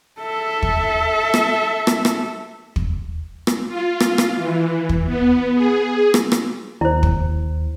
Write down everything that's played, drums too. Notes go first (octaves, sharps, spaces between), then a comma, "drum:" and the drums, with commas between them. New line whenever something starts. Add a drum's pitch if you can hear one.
A4 E5
drum: kick
drum: rim click
drum: rim click
drum: rim click
drum: kick
drum: rim click
F4
drum: rim click
drum: rim click
E3
drum: kick
B3
G#4
drum: rim click
drum: rim click
D#2 E4 C5
drum: kick